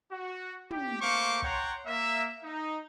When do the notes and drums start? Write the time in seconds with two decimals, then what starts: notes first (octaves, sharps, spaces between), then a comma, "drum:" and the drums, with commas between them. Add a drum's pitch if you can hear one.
0.11 F#4
0.71 G4, drum: tom
1.01 A3 A#3 C5 F5 C#6 D6
1.42 C#5 F#5 G5 A#5 C6, drum: kick
1.86 A#3 E5
2.44 D#4